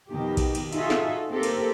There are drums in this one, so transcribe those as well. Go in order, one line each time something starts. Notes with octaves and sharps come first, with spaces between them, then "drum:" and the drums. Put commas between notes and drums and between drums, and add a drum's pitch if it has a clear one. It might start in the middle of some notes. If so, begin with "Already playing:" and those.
F2 B2 D#3 G4
drum: kick A#1, cymbal
drum: cymbal
D#4 F4 F#4 G#4 A4 E5, drum: cymbal
drum: snare
A#3 C4 G4 A4 A#4
drum: cymbal